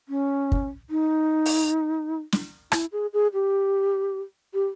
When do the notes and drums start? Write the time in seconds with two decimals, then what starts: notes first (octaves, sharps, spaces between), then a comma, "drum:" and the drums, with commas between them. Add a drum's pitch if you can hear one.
0.09 C#4
0.52 drum: kick
0.90 D#4
1.46 drum: open hi-hat
2.32 drum: snare
2.72 E4, drum: rim click
2.92 G#4
3.13 G#4
3.33 G4
4.54 G4